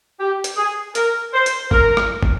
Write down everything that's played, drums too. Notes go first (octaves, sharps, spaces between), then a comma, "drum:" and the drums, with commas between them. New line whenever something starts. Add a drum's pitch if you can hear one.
G4
drum: hi-hat
G#4
A#4, drum: hi-hat
C5
drum: hi-hat
A#4, drum: kick
drum: rim click
drum: kick